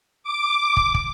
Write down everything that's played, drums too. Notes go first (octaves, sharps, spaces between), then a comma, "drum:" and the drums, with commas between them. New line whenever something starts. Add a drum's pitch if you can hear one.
D6
drum: kick
drum: kick